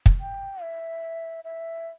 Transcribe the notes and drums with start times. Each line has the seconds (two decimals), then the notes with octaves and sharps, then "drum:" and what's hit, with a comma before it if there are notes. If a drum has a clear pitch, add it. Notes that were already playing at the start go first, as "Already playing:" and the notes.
0.06 drum: kick
0.21 G5
0.62 E5
1.44 E5